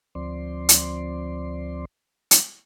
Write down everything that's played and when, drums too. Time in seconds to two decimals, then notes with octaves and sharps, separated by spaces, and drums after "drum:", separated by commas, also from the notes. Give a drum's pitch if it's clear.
0.15 D2 F3 C4 D5 C6
0.69 drum: hi-hat
2.31 drum: hi-hat